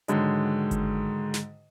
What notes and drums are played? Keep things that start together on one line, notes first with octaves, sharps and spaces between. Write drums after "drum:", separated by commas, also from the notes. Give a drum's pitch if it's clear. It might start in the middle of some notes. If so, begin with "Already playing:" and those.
G#2 D3 D#3 F#3 G#3, drum: hi-hat
drum: kick G1, hi-hat
drum: snare